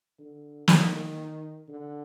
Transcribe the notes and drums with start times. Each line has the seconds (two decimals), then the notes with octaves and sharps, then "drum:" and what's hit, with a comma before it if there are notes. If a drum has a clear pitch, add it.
0.19 D3
0.68 D#3, drum: snare
1.68 D3